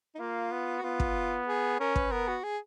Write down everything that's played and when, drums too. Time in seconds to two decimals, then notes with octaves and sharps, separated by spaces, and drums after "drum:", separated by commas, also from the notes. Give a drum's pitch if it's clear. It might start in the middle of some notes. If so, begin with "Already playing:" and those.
0.15 D#4
0.20 A#3 F4
0.52 B3
0.78 F#4
0.84 B3 F4
1.00 drum: kick
1.47 G#4
1.80 C#4 A#4
1.96 B4, drum: kick
2.12 B3 A#4
2.28 F#4
2.43 G#4